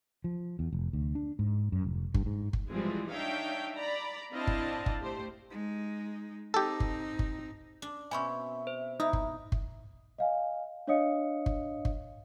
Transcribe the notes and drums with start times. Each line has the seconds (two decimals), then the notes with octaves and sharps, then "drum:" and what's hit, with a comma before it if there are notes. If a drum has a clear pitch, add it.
0.24 F3
0.59 E2
0.73 F1
0.93 D2
1.15 D4
1.39 G#2
1.72 F#2
1.84 F1
2.14 G2, drum: kick G1
2.26 G#2
2.53 drum: kick G1
2.68 E3 F3 G3 G#3 C4 G#4
3.09 D4 D#4 C#5 E5 F5 G5
3.75 D5 A#5 B5
4.31 C4 D4 E4 D#5 F5 A5
4.47 drum: kick G1
4.86 drum: kick G1
5.01 A3 G4 C5
5.51 G#3 D#4
6.54 C4 D#4 G4 A4
6.80 drum: kick G1
7.19 drum: kick G1
7.82 D4
8.11 B2 C4 C#4 E5 G#5 B5 C#6
8.67 C5
9.00 D#4 E4 D#6
9.13 drum: kick G1
9.52 drum: kick G1
10.18 D#5 F5 G#5
10.87 D4 C#5 D#5 F5 D#6 C#7
11.46 drum: kick G1
11.85 drum: kick G1